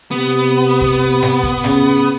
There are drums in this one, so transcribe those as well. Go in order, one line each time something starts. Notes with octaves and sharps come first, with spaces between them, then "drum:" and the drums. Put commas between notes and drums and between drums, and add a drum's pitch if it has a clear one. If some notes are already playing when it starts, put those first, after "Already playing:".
C3 B3
drum: kick
drum: snare
drum: kick
C#3, drum: snare